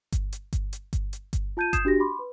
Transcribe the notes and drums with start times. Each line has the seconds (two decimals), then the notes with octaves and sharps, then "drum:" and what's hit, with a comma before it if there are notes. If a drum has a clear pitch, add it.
0.12 drum: kick G1, hi-hat
0.33 drum: hi-hat
0.53 drum: kick G1, hi-hat
0.73 drum: hi-hat
0.93 drum: kick G1, hi-hat
1.13 drum: hi-hat
1.33 drum: kick G1, hi-hat
1.57 F4 A5 G6 G#6 D#7
1.73 D#6 G6 G#6 C7 E7, drum: kick G1, hi-hat
1.85 D4 F#4 G4 A#6
2.00 B5 C6 D6
2.19 B4